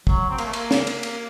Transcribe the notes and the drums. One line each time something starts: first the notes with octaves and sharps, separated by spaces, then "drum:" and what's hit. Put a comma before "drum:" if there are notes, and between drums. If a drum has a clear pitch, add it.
F#3, drum: kick
C4
A#3, drum: cymbal
A3
A#3, drum: cymbal
drum: snare
drum: cymbal
drum: cymbal